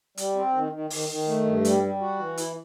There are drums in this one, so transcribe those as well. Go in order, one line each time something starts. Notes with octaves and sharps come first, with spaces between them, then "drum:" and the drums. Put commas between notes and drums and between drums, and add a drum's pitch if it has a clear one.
G3, drum: hi-hat
C4
D#3
D#3
D#3, drum: open hi-hat
D#3
A3
G2
G3, drum: hi-hat
G3
F#4
E3
E4, drum: hi-hat